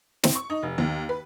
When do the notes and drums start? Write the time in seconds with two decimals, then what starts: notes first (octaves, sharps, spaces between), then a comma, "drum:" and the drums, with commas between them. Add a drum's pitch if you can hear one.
0.24 C4, drum: snare
0.35 C#6
0.50 D#4
0.63 F1
0.78 D#2
1.09 B4